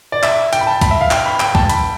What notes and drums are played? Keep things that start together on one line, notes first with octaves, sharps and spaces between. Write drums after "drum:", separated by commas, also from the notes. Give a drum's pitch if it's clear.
D5
E5, drum: clap
G5, drum: hi-hat
B5
A5
B5, drum: kick, hi-hat
E5
F5
G5, drum: clap
B5
G5, drum: clap
A5, drum: kick
B5, drum: hi-hat